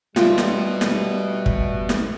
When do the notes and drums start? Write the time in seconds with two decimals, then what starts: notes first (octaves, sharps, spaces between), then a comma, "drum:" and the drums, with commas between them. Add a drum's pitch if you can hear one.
0.16 G3 A3 F4 F#4 B4 G5, drum: snare
0.38 drum: snare
0.81 drum: snare
1.46 drum: kick
1.89 drum: snare